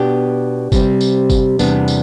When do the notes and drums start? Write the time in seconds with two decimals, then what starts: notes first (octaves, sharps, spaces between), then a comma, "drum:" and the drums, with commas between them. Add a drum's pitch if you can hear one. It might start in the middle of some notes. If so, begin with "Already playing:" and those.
Already playing: B2 B3 D4 G4
0.72 C3 G3 C4, drum: kick G1, tambourine
1.01 drum: tambourine
1.30 drum: kick G1, tambourine
1.59 E2 C3 G3 B3 D4, drum: tambourine
1.88 drum: tambourine